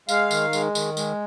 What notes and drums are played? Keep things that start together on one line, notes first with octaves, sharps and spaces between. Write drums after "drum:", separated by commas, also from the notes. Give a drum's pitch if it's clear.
G#3 F5, drum: tambourine
D#3, drum: tambourine
G#3, drum: tambourine
D#3, drum: tambourine
G#3, drum: tambourine